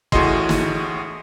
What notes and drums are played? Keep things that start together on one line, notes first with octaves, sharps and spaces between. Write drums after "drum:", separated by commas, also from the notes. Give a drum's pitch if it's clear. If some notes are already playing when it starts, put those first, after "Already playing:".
A1 A2 F#4 G#4 D#5 C6, drum: kick
drum: snare